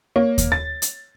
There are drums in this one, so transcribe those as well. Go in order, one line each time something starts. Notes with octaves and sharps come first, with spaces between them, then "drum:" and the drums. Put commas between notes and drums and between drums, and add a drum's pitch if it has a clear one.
A#3 C#5
drum: kick D#2, hi-hat
A6
drum: hi-hat